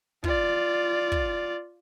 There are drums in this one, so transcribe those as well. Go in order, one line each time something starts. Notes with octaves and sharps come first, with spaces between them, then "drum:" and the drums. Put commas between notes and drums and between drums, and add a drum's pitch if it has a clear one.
F4 D5, drum: kick
drum: kick